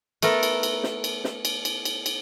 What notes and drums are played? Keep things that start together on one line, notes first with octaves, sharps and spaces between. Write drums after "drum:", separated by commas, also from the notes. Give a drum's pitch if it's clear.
A3 B3 A4 A#4, drum: cymbal
drum: cymbal
drum: cymbal
drum: snare
drum: cymbal
drum: snare
drum: cymbal
drum: cymbal
drum: cymbal
drum: cymbal